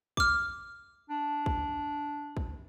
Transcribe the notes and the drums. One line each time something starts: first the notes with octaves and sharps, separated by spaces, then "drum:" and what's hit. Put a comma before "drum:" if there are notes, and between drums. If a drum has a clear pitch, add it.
D6 F6, drum: kick
D4
drum: kick
drum: kick